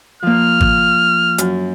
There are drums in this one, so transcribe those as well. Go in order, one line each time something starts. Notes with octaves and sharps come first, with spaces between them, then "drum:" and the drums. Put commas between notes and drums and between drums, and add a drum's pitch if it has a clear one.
F3 A#3 F6
drum: kick G#1
F#2, drum: hi-hat